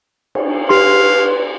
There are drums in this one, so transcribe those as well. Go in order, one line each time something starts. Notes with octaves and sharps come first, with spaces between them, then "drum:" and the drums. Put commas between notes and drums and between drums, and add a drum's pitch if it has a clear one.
drum: cymbal
G4 B4 F5 C6